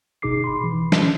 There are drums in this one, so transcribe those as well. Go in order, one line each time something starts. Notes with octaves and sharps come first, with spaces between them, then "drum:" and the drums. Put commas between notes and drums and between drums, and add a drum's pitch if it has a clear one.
G1 B2 D#4 G#4 D6 C7
B5 C6
E3
drum: snare